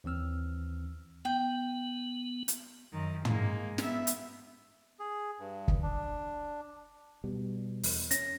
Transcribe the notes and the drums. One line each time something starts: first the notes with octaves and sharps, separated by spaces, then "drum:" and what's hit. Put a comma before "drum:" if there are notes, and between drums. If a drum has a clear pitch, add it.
D#2 E3 C4 E6 F6
B3 G5
drum: hi-hat
F#2 D#3
G#3 A#3, drum: tom
B3 E5, drum: snare
drum: hi-hat
G#4
G2
drum: kick
D4
B2 G3 B3
E2, drum: open hi-hat
C#4 A#6, drum: hi-hat